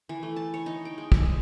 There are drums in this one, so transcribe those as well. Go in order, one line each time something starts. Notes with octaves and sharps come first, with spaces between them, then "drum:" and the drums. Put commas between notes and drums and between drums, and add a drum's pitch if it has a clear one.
E3
A3
A5
C#5
D#4
G5
G#3
E5, drum: kick
G#4